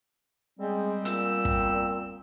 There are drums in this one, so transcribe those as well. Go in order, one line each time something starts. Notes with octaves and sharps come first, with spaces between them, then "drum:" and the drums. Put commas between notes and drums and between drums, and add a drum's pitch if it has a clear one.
G3 G#3 B3 C4
A#2 E6, drum: hi-hat
drum: kick